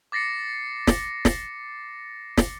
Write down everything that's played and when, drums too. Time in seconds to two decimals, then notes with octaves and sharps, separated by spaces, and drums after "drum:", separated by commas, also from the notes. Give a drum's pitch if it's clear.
0.12 D6 A6 A#6 C7 C#7
0.87 drum: snare
1.25 drum: snare
2.37 drum: snare